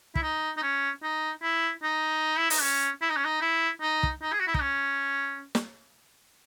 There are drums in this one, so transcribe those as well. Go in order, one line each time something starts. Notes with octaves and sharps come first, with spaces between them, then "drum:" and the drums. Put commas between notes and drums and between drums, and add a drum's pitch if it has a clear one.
E4, drum: kick
D#4
D#4
C#4
D#4
E4
D#4
E4
D#4, drum: open hi-hat
C#4
E4
D#4
C#4
D#4
E4
D#4
drum: kick
D#4
G#4
F#4
E4
D#4, drum: kick
C#4
drum: snare